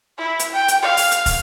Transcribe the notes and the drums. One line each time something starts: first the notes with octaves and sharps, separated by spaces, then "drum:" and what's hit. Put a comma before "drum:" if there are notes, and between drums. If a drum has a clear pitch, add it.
E4
drum: hi-hat
G5
drum: hi-hat
F5
drum: open hi-hat
drum: hi-hat
drum: kick, open hi-hat